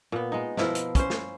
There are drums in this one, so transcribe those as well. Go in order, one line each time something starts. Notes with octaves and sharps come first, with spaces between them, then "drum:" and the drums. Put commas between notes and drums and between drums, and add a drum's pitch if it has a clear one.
A#2 B3
G#3 D#4
B2 F3 E4 A#4, drum: snare
drum: hi-hat
C#4 C5, drum: kick, hi-hat
drum: snare